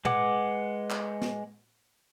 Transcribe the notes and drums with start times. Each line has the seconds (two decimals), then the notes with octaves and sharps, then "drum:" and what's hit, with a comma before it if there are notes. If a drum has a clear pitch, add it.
0.05 G#3 B4 F#5 D6, drum: tom
0.90 drum: clap
1.22 drum: snare